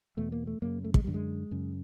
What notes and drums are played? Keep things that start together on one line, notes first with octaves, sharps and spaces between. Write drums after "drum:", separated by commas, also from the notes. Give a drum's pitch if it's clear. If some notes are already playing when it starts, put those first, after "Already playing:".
E2 B2 A3
A#3
A3
F#2 C#3 A#3
A3
G#3, drum: kick
F#2 D3 G3
G#3
F#2 C#3